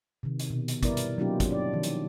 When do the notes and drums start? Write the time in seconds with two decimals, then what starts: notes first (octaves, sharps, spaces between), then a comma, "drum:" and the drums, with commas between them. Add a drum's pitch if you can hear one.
0.23 C3 D#3
0.39 drum: hi-hat
0.50 B2
0.68 drum: hi-hat
0.83 G3 B3 E4 A#4 D5, drum: kick, hi-hat
0.97 drum: hi-hat
1.18 F#3 A#3 C#4 D#4 F4 G4
1.40 drum: kick, hi-hat
1.51 D4 D5
1.73 D#3 F3
1.83 drum: hi-hat